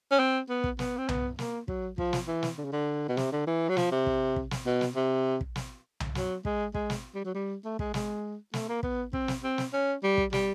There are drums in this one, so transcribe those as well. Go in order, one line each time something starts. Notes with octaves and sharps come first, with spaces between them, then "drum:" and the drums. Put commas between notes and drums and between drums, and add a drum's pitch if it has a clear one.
C#4
C4
B3
drum: kick
B3, drum: snare
C4
B3, drum: tom C2
A#3, drum: snare
F#3, drum: kick
F3, drum: kick
drum: snare
E3
drum: snare
D3
C#3
D3
B2
C3, drum: snare
D3
E3
F#3
F3, drum: snare
C3
drum: kick
drum: kick
drum: snare
B2
drum: snare
C3
drum: kick
drum: snare
drum: tom C2
F#3, drum: snare
G#3, drum: kick
G#3, drum: kick
drum: snare
G3
F#3
G3
A3
G#3, drum: kick
G#3, drum: snare
A3, drum: snare
A#3
B3, drum: kick
C4, drum: kick
drum: snare
C4
drum: snare
C#4
G3
drum: kick
G3, drum: snare